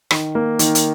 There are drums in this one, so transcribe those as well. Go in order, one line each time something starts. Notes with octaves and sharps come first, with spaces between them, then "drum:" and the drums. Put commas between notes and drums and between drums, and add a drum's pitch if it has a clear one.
D#3, drum: rim click
A#3
D#3, drum: hi-hat
drum: hi-hat